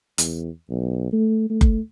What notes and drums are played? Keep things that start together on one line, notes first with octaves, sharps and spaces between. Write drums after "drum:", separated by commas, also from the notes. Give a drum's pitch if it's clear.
E2, drum: hi-hat
B1
A3
A3
drum: kick F#1